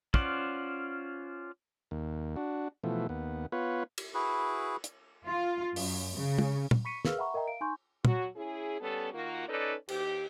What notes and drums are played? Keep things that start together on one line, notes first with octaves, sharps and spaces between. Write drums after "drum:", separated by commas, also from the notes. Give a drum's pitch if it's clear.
C#4 F4 C5 D5 F#5, drum: kick
D#2
D4 F#4
B2 E3 F3 A3
D#2 B3
B3 F4 B4 C#5
drum: cymbal
E4 F#4 G#4 B4
drum: hi-hat
F4
F#2, drum: open hi-hat
C#3
drum: tom
drum: tom
B5 C#6 B6 C#7 D#7
G#4 A#4 B4 F5 E6 F6, drum: snare
E5 F#5 G5 A#5 B5 C#6
A#4 D#5 E5 G5 A#5
F5 D7
D#4 G#5 C6 C#6 G6
F#3 F#4, drum: tom
C#4 E4 G#4
G3 B3 C#4 A4
D#3 A#3 F4 F#4
C#4 D#4 A4 B4 D5
D#2 G4, drum: cymbal